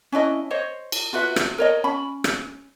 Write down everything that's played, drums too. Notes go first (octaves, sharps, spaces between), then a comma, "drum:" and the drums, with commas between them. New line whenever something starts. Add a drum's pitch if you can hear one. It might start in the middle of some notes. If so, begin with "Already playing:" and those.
C#4 D4 E4 D#5
C5 C#5 D#5
drum: cymbal
F4 F#4 B4 E5
drum: rim click
A#4 C#5 D#5
C#4 B5
drum: rim click